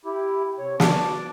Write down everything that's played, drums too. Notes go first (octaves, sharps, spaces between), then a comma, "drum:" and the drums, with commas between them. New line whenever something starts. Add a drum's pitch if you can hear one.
E4 G4
C3 C#5
D4 A5 D6, drum: snare